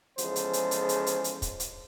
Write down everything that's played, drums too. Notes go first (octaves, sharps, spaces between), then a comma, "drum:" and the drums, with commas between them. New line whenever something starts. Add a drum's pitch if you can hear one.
E2 C#3 F3 G#3 A4 C5, drum: hi-hat
drum: hi-hat
drum: hi-hat
drum: hi-hat
drum: hi-hat
drum: hi-hat
drum: hi-hat
drum: kick, hi-hat
drum: hi-hat